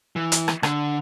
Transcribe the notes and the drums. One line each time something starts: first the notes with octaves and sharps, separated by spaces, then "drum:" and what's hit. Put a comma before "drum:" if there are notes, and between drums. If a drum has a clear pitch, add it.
E3
drum: hi-hat
drum: rim click
D3, drum: rim click